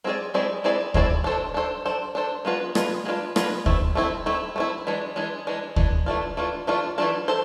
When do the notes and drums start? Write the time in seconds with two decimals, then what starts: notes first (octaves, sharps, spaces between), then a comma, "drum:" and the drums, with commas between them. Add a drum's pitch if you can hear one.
0.04 G#3 C4 E4 G#4 D5
0.34 G#3 C4 E4 G#4 D5
0.64 G#3 C4 E4 G#4 D5
0.94 G#3 C4 E4 G#4 D5, drum: kick D2
1.24 D4 A4 C5
1.54 D4 A4 C5
1.85 D4 A4 C5
2.15 D4 A4 C5
2.45 G#3 B3 D4 F4 B4
2.75 G#3 B3 D4 F4 B4, drum: rim click
3.05 G#3 B3 D4 F4 B4
3.36 G#3 B3 D4 F4 B4, drum: rim click
3.66 A3 C4 E4, drum: kick D2
3.95 A3 C4 E4
4.26 A3 C4 E4
4.56 A3 C4 E4
4.87 E3 G#3 D4
5.16 E3 G#3 D4
5.47 E3 G#3 D4
5.76 E3 G#3 D4, drum: kick D2
6.06 E3 A3 D4 F4
6.37 E3 A3 D4 F4
6.67 E3 A3 D4 F4
6.98 E3 A3 D4 F4
7.28 A4 C5